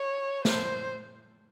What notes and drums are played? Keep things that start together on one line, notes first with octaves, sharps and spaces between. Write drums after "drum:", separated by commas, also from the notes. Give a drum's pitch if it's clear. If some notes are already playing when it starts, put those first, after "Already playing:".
Already playing: C#5
C5, drum: snare